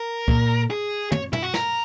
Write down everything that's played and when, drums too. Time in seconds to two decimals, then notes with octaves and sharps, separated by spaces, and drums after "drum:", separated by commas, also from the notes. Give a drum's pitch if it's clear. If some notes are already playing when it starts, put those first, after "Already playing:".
Already playing: A#4
0.28 A#2, drum: kick
0.70 G#4
1.12 C#5, drum: tom
1.33 E4, drum: tom
1.43 F#4
1.54 A#4, drum: snare